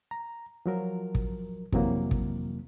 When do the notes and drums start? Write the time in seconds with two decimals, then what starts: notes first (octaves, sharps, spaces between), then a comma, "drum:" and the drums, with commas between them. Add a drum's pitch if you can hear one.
0.11 A#5
0.66 F3 F#3 A#4
1.15 drum: kick
1.72 F2 C3 E3 F#3 A#3, drum: kick
2.11 drum: kick